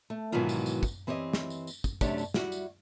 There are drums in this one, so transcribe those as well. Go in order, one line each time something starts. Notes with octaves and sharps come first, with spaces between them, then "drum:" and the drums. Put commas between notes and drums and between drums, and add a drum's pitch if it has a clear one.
A3
G#2 B2 D#3 E3 F#3 F4
drum: tambourine
drum: tambourine
drum: kick, tambourine
E3 C4 G4 C#5 D#5
drum: snare
drum: tambourine
drum: tambourine
drum: kick, tambourine
F#2 C3 A3 D4 G4 C#5, drum: kick, tambourine
drum: tambourine
G3 E4 F#4, drum: snare
drum: tambourine